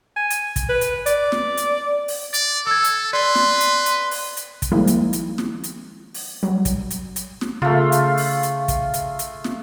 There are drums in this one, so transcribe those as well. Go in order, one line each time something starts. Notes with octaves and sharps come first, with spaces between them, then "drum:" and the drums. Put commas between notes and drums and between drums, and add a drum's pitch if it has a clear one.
G#5
drum: hi-hat
drum: kick, hi-hat
B4
drum: hi-hat
D5, drum: hi-hat
drum: snare
drum: hi-hat
drum: open hi-hat
D5, drum: hi-hat
A4 E6 G#6
drum: hi-hat
B4 D5 C6
drum: snare
drum: hi-hat
drum: hi-hat
drum: open hi-hat
drum: hi-hat
drum: kick, hi-hat
D#3 F3 G3 G#3 A#3 E4
drum: hi-hat
drum: hi-hat
drum: snare
drum: hi-hat
drum: open hi-hat
F#3 G3
drum: kick, hi-hat
drum: hi-hat
drum: hi-hat
drum: snare
C#3 A3 F4
drum: hi-hat
drum: open hi-hat
drum: hi-hat
drum: kick, hi-hat
drum: hi-hat
drum: hi-hat
drum: snare